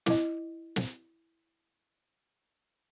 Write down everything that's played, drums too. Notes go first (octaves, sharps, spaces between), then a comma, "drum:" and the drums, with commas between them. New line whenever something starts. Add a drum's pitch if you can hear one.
E4 D#5, drum: snare
drum: snare